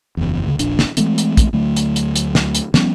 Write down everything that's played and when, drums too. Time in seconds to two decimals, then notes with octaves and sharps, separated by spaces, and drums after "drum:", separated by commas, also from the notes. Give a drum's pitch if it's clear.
0.17 F#1 E2
0.46 D2 C#3
0.59 D#1 A#1 D4, drum: hi-hat
0.79 drum: snare
0.97 E3 G#3 A3 C4, drum: hi-hat
1.18 drum: hi-hat
1.37 drum: kick, hi-hat
1.53 D2 D3 F#3 A3
1.76 drum: hi-hat
1.96 drum: hi-hat
2.16 drum: hi-hat
2.35 drum: snare
2.55 drum: hi-hat
2.74 F3 G3 B3 C#4, drum: snare